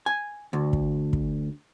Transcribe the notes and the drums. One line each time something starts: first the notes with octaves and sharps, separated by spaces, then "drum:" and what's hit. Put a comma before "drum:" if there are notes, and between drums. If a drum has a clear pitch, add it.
G#5
D2
drum: kick
drum: kick